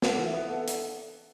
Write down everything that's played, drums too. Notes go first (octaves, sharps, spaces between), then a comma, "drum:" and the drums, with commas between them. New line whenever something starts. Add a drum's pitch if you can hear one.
A4 F#5, drum: snare
E3
E5
B3
A4 F#5
drum: hi-hat